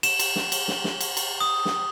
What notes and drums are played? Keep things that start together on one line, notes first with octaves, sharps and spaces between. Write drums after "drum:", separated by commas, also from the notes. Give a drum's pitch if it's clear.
E7, drum: cymbal
drum: cymbal
drum: snare
drum: cymbal
drum: snare
drum: snare
drum: cymbal
drum: cymbal
D#6
drum: snare